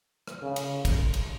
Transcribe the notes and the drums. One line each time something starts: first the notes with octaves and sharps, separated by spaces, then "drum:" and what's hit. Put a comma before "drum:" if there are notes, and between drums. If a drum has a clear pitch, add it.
drum: rim click
C#3
drum: cymbal
drum: kick, cymbal
drum: cymbal